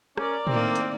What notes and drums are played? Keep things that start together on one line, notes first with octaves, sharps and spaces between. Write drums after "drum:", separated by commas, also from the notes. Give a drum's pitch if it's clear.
C#4 A#4 D5, drum: rim click
A2 D#3 A#3 C4, drum: tom
drum: hi-hat